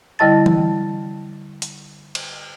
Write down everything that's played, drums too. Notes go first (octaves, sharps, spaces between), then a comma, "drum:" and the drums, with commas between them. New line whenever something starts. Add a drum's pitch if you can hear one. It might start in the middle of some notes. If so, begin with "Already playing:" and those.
D3 G3 E4 D#5 A5 A6
drum: tom E3
drum: hi-hat
drum: cymbal